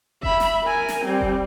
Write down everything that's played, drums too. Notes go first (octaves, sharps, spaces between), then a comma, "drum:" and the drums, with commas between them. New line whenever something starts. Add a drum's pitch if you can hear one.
E5 B5, drum: kick F1
drum: snare
A#4 G#5
drum: snare
G3 C4
drum: kick F1